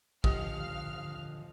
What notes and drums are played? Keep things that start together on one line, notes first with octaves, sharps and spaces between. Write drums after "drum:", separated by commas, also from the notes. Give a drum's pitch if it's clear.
D3 F3 G4 D#5 F5 F#5 F6, drum: kick